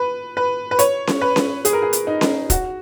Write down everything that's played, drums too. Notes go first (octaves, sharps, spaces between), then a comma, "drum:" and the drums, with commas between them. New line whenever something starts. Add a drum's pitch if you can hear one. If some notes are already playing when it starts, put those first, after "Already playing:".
Already playing: B4
B4
B4
C#5, drum: hi-hat
drum: snare C#4
B4
drum: snare C#4
G#4, drum: hi-hat
A#4
G#4
drum: hi-hat
D#4
drum: snare C#4
F#4, drum: kick, hi-hat